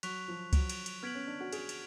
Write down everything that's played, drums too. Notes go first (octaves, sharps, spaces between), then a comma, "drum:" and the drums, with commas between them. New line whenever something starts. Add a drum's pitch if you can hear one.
F#3 C#6 F#6 B6 F7, drum: cymbal
F3
F#3, drum: kick C#2, cymbal
drum: cymbal
drum: cymbal
B3 F6 G#6 B6 D7 F#7
C#4
D4
F#4
G#4, drum: cymbal
drum: cymbal